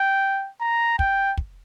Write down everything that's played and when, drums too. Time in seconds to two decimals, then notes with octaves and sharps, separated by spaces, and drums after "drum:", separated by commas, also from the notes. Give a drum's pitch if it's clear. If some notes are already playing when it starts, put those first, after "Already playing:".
Already playing: G5
0.61 A#5
0.99 G5, drum: kick
1.37 drum: kick